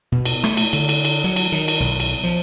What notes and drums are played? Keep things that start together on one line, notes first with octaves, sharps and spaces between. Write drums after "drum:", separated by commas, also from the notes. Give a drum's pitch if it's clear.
B2
drum: cymbal
A3, drum: rim click
drum: cymbal
D3, drum: cymbal
drum: cymbal
drum: cymbal
F#3
drum: cymbal
D#3
drum: cymbal
B1
drum: cymbal
F3